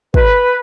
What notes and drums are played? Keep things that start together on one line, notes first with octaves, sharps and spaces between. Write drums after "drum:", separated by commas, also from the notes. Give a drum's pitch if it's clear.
B4, drum: kick